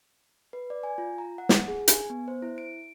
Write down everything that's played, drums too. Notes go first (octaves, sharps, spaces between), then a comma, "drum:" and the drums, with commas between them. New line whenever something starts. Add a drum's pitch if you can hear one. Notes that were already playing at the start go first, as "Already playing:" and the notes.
B4
D5
G#5
F4
A#5
F#5
drum: snare
G#4
G#5, drum: hi-hat
B3
C5
E4
D7